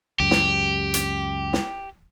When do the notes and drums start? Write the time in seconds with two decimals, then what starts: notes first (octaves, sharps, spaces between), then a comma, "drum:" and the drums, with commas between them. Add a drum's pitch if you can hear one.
0.20 C#2 F#2 G4
0.31 drum: snare
0.94 drum: hi-hat
1.53 drum: snare